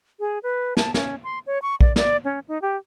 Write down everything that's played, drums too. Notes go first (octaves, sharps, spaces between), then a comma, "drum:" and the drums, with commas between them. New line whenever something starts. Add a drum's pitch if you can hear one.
G#4
B4
A5, drum: snare
C#4, drum: snare
C6
C#5
C#6
D5, drum: kick
D5, drum: snare
C#4
D#4
G4